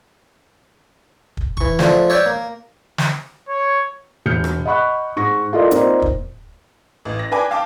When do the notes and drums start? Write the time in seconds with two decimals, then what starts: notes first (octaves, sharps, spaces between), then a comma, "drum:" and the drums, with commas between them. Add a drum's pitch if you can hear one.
1.37 drum: kick
1.57 E3 C#6, drum: kick
1.79 F3 A3 D4, drum: snare
2.10 C#5 D5 E5 F#5 G5
2.26 A#3
2.98 drum: snare
3.49 C#5
4.26 E1 F6 G6 C#7
4.44 drum: rim click
4.65 D#5 F#5 B5 C#6 F#6
5.16 G#2 C#6 A#6
5.52 E4 F4 A4 A#4 D5 D#5
5.71 A#3 C4 D#4 F4 C5 D5, drum: hi-hat
6.02 drum: kick
7.05 A1
7.19 A#6
7.31 D4 B4 G5 G#5 D6
7.51 F5 G5 A5 D6